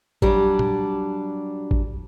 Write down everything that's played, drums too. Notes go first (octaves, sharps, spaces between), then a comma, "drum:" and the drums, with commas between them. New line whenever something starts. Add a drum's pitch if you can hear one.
F#3 G3 D4, drum: kick
drum: tom A#2
drum: kick